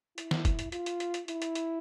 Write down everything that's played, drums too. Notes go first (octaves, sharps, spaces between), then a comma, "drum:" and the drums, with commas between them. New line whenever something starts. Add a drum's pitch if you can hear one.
E4, drum: hi-hat
drum: snare
drum: kick, hi-hat
drum: hi-hat
F4, drum: hi-hat
drum: hi-hat
drum: hi-hat
drum: hi-hat
E4, drum: hi-hat
drum: hi-hat
drum: hi-hat